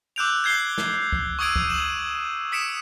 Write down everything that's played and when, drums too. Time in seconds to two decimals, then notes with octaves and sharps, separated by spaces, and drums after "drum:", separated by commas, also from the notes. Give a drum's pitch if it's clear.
0.16 D6 E6 F#6 G6 D7 F7
0.44 G6 G#6 C7 G7
0.78 drum: snare
1.12 drum: kick C#2
1.39 C#6 D#6 E6 G#6 D7 D#7
1.56 drum: kick C#2
1.69 E7 F#7
2.52 D#6 B6 C#7 D7 E7